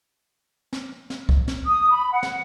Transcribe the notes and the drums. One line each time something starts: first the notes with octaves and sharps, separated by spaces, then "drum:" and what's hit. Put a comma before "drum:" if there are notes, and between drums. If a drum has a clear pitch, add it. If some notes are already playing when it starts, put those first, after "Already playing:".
drum: snare
drum: snare
drum: kick C2
drum: snare
D#6
B5
F#5
drum: snare